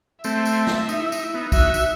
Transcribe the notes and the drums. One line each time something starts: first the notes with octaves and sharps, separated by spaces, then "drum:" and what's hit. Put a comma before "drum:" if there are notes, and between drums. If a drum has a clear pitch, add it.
A3 C4 E5, drum: tambourine
drum: tambourine
drum: snare
D#4, drum: tambourine
E4
D#4, drum: tambourine
E4
B3 D#4
D#4 F#4 E5, drum: kick, tambourine
F#4, drum: tambourine